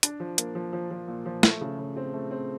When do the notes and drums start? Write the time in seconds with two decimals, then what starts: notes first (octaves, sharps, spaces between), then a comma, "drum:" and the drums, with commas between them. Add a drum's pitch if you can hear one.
0.03 D4, drum: hi-hat
0.20 F3
0.38 A#3, drum: hi-hat
0.55 F3
0.73 F3
0.91 F3
1.08 A#2
1.26 F3
1.43 A3, drum: snare
1.61 C#3
1.78 C#3
1.97 C4
2.14 A3
2.31 C4